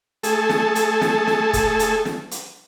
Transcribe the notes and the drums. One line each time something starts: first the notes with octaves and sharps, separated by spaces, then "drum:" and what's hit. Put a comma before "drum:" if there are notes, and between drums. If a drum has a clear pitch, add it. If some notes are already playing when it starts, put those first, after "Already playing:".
A3 G#4 A4, drum: hi-hat
drum: snare
drum: hi-hat
drum: snare
drum: snare
drum: kick, hi-hat
drum: hi-hat
drum: snare
drum: hi-hat